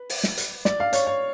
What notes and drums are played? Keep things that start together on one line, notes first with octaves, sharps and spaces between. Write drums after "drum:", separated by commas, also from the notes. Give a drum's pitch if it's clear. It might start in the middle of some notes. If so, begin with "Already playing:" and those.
Already playing: B4
drum: open hi-hat
drum: snare
drum: hi-hat
D5, drum: snare
F5
C#5, drum: hi-hat
C#5